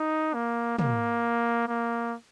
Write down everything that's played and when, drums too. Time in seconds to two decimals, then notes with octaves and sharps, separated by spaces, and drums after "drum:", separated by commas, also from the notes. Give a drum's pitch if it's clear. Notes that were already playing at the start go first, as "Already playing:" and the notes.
Already playing: D#4
0.34 A#3
0.79 A#3, drum: tom
1.68 A#3